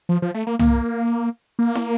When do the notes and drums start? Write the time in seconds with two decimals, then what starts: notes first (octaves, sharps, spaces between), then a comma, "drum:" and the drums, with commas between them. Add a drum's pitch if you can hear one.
0.09 F3
0.22 F3
0.34 A3
0.47 A#3
0.59 A#3, drum: tom C2
1.59 A#3
1.75 drum: snare